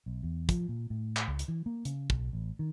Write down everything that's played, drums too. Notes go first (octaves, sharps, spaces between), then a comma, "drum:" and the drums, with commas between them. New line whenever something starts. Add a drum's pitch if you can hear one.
B1
E2
F3, drum: kick, hi-hat
A#2
A2
drum: clap
C#2
drum: hi-hat
E3
A#3
C#3, drum: hi-hat
B1, drum: kick
A1
D#3